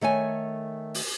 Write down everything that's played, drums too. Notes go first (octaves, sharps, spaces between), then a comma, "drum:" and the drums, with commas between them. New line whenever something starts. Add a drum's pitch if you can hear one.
D#3 A3 C#5 G#5
drum: open hi-hat